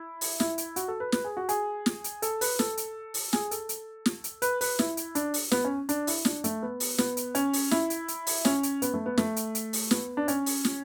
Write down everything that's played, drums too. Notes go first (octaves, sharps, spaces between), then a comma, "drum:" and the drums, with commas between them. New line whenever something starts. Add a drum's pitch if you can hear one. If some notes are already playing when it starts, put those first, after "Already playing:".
Already playing: E4
drum: open hi-hat
E4, drum: snare
drum: hi-hat
F#4, drum: hi-hat
A4
B4
B4, drum: snare
G#4
F#4
G#4, drum: hi-hat
drum: snare
drum: hi-hat
A4, drum: hi-hat
B4, drum: open hi-hat
A4, drum: snare
drum: hi-hat
drum: open hi-hat
G#4, drum: snare
A4, drum: hi-hat
drum: hi-hat
drum: snare
drum: hi-hat
B4, drum: hi-hat
B4, drum: open hi-hat
E4, drum: snare
drum: hi-hat
D4, drum: hi-hat
drum: open hi-hat
B3, drum: snare
C#4
D4, drum: hi-hat
E4, drum: open hi-hat
D4, drum: snare
A3, drum: hi-hat
B3
drum: open hi-hat
B3, drum: snare
drum: hi-hat
C#4, drum: hi-hat
drum: open hi-hat
E4, drum: snare
drum: hi-hat
drum: hi-hat
drum: open hi-hat
C#4, drum: snare
drum: hi-hat
B3, drum: hi-hat
A3
B3
A3, drum: snare
drum: hi-hat
drum: hi-hat
drum: open hi-hat
B3, drum: snare
D4
C#4, drum: hi-hat
drum: open hi-hat
drum: snare